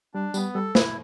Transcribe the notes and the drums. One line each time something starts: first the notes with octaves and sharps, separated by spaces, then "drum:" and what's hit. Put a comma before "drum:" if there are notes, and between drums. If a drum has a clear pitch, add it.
G3 D4
G3 B3, drum: tambourine
G3 A4
E4, drum: snare